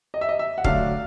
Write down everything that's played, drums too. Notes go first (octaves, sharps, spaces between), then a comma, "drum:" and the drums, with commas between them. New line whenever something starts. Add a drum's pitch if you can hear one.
D#5
E5
D#5
E5
F#5
D3 F#3 A3 D4 F5, drum: kick